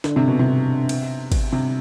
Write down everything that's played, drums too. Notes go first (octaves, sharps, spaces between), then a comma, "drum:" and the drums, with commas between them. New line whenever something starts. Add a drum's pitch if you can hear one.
D3, drum: snare
C3
B2
C3
drum: cymbal
drum: kick G#1, cymbal
C3